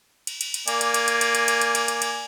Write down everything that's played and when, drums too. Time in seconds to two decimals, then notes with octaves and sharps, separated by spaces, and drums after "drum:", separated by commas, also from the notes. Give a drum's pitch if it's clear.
0.27 drum: cymbal
0.41 drum: cymbal
0.54 drum: cymbal
0.68 A#3 D5 G#5, drum: cymbal
0.81 drum: cymbal
0.94 drum: cymbal
1.08 drum: cymbal
1.21 drum: cymbal
1.35 drum: cymbal
1.48 drum: cymbal
1.61 drum: cymbal
1.75 drum: cymbal
1.88 drum: cymbal
2.02 drum: cymbal